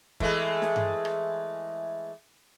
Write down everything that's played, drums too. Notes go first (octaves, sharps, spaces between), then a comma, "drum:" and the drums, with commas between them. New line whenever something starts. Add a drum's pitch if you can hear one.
E3 G#3 A3, drum: kick
drum: snare
drum: tom G2
drum: rim click